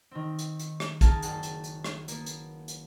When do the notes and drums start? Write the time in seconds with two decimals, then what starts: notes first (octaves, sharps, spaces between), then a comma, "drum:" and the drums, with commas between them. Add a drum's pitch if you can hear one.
0.11 D#3 C4
0.39 drum: hi-hat
0.59 drum: hi-hat
0.80 drum: rim click
1.01 G#4 A#4 F5 G#5 A5, drum: kick, hi-hat
1.22 F#1 G5 A5 F#6, drum: hi-hat
1.43 drum: hi-hat
1.64 drum: hi-hat
1.84 drum: rim click
2.08 A#3 B3, drum: hi-hat
2.26 drum: hi-hat
2.68 drum: hi-hat